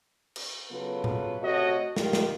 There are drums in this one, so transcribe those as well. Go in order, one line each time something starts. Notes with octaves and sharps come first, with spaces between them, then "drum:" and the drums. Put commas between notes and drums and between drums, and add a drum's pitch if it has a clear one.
drum: cymbal
C#3 F#3 B3 F4 A4 B4
drum: tom A#2
C3 A3 F#4 C#5 D#5
D#3 F4 G4, drum: snare
drum: snare